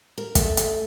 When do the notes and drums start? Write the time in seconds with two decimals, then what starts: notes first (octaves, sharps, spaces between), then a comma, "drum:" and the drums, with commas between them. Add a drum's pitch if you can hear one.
0.18 A#4
0.35 A3, drum: kick, hi-hat
0.57 drum: hi-hat